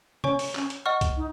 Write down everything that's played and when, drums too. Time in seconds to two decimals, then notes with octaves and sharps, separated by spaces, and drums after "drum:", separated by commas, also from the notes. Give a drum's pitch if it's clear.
0.24 C#4 C#5 G#5 C#6, drum: tom
0.39 drum: open hi-hat
0.55 C#4, drum: clap
0.70 drum: hi-hat
0.86 D#5 F#5 C#6 F6
1.01 drum: kick C2, hi-hat
1.17 D#4